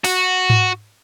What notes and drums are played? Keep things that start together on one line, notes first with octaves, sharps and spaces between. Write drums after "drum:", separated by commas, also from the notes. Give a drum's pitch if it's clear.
F#4, drum: open hi-hat
drum: tom G#2